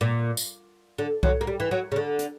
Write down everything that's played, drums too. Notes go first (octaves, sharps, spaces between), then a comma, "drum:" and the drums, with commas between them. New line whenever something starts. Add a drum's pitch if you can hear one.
A#2
drum: tambourine
D3
F#3, drum: kick C2
A#3
G3
E3
F#3
C#3
D3
drum: hi-hat